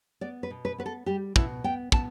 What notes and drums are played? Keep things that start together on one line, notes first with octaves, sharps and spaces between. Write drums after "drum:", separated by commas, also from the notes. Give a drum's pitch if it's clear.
B3 D5
B4
B2
B4
B3 B4
A4
G3 G4
B2 E4, drum: kick
B3 G5
B3 A5, drum: kick